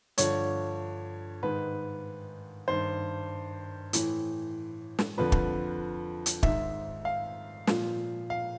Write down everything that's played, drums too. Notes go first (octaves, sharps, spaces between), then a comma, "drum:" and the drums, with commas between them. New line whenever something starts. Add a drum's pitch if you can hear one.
G2 D3 F3 C#5, drum: hi-hat
G#2 D#3 B4
G2 D#3 C5
A2 E3, drum: hi-hat
drum: snare
F2 D3 F3 B4
drum: kick
drum: hi-hat
G#2 D#3 E5, drum: kick
F5
A#2 F3, drum: snare
F5